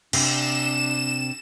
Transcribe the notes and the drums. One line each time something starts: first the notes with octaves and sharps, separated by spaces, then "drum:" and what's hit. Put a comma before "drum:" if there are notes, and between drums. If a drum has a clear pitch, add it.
C3 D4 E7, drum: cymbal